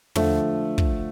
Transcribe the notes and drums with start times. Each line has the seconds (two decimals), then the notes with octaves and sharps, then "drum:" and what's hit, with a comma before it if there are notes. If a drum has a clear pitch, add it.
0.15 D3 F3 A3, drum: tom
0.78 drum: kick